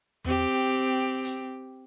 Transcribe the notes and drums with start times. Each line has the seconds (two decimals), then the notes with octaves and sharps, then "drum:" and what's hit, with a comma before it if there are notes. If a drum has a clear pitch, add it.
0.24 C4 G4, drum: tom E2
1.24 drum: hi-hat